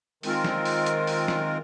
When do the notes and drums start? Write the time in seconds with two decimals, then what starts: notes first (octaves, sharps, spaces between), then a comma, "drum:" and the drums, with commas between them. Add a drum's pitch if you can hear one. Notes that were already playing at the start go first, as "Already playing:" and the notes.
0.23 D#3 G#3 C4 F4 A#4, drum: open hi-hat
0.44 drum: snare
0.65 drum: open hi-hat
0.86 drum: hi-hat
1.07 drum: open hi-hat
1.28 drum: snare